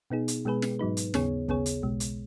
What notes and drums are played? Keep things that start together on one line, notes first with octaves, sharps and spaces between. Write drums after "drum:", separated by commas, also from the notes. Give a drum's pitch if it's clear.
B2 B3 D#4 G#4
drum: hi-hat
B2 G#3 B3 G#4 B4
drum: snare
G#2 F#3 D#4 B4
drum: hi-hat
D#2 C#3 B3 G#4 C#5, drum: snare
D#2 C#3 B3 G#4 C#5, drum: kick
drum: hi-hat
B1 B2 G#3
drum: hi-hat